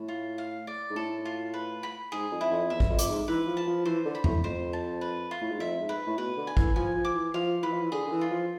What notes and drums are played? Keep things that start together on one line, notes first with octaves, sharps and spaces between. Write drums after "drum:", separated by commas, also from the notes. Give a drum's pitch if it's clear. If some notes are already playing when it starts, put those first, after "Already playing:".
Already playing: A2
F4
F5
D5
G#2
A2 A4
F4
B4
B5
G#2 G#4
F2
E4
F2
E2 E5
drum: kick
F2
D6, drum: hi-hat
G#2
E3 B4
F3
A5
F3
E3 C5
D3
B5
A2, drum: tom E2
F2 C5
A5
B4
F4
A2
G#2
F2 E5
G#2
B4
A2
B2 B4
D3
G#5
E3, drum: kick
F3 G#5
F3
D6
E3
F3 F5
E3 B4
F3
E3
D3 G#4
D3
E3
F4
F3